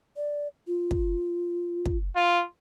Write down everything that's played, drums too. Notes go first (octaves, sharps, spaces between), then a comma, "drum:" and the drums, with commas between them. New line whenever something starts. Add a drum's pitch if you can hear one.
D5
F4
drum: kick
drum: kick
F4